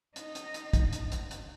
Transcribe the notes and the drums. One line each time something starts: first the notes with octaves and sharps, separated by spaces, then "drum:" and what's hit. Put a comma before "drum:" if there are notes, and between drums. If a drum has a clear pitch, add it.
D#4, drum: hi-hat
drum: hi-hat
drum: hi-hat
drum: kick, hi-hat
drum: hi-hat
drum: hi-hat
drum: hi-hat